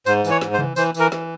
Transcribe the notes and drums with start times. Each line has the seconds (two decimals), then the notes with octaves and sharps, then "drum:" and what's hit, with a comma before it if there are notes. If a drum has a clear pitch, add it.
0.06 G#2 C5, drum: tambourine
0.24 E3, drum: tambourine
0.30 C#5
0.41 G#2, drum: snare
0.53 C5
0.59 E3, drum: tom C3
0.76 E3 C5, drum: tambourine
0.94 E3, drum: tambourine
1.00 A#4
1.12 E3, drum: snare